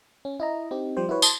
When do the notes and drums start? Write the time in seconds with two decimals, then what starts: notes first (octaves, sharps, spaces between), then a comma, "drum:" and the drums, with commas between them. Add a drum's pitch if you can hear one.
0.25 C#4
0.40 E4 D#5 A#5
0.71 C4 D#4 G4
0.97 F3 G3 G4 C5
1.09 E4 F#4 B4 C#5
1.22 A5 C6 D#6, drum: tambourine